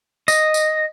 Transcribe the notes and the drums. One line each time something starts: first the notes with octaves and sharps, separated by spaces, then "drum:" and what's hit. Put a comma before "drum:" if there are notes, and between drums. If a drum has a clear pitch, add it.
D#5, drum: tambourine
drum: tambourine